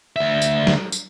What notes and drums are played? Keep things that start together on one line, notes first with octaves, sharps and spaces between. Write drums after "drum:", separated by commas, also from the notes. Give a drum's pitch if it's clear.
D2 E5
drum: tambourine
drum: snare
drum: tambourine